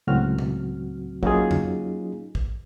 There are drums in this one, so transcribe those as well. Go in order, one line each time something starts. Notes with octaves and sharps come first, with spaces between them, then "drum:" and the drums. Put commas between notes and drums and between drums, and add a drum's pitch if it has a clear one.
C#2 A2 F#3 C4 F#4 F6
drum: tom
F#3 A#3 C#4 D#4 F4 G#4, drum: kick
drum: tom F2
drum: kick